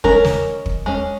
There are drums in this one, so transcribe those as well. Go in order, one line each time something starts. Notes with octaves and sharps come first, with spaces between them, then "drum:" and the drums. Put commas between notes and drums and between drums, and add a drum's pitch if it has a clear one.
G#3 C#4 A#4, drum: kick
drum: snare
drum: kick
G#3 C#4